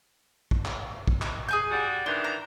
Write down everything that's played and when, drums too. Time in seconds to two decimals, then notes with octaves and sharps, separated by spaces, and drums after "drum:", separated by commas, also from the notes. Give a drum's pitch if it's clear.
0.51 drum: kick A#1
0.65 drum: clap
1.08 drum: kick A#1
1.22 drum: clap
1.48 G#4 G#5 G6
1.71 G3 F#4
2.06 D#3 E3 D4 C6
2.24 A#5